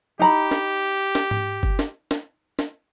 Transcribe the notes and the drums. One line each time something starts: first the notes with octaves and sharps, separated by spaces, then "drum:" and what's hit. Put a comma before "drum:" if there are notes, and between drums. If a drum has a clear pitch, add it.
D#4 G4 A#5 B5
drum: snare
drum: snare
drum: tom G#2
drum: kick F#1
drum: snare
drum: snare
drum: snare